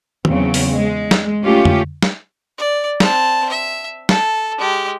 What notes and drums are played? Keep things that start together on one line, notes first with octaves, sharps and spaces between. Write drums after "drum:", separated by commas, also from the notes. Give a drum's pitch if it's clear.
E2 C#3 F#3 C4, drum: tom
drum: open hi-hat
G#3
drum: snare
A3 C#4 F4 G4
drum: tom
drum: snare
D5
C4 A5, drum: snare
E5
A4, drum: snare
G#3 G4